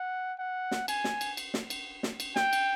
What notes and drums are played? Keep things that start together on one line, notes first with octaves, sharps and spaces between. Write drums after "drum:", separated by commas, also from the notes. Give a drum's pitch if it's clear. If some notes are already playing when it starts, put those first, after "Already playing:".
Already playing: F#5
F#5
drum: snare
G#5, drum: cymbal
drum: snare
drum: cymbal
drum: cymbal
drum: snare
drum: cymbal
drum: snare
drum: cymbal
G5, drum: snare
drum: cymbal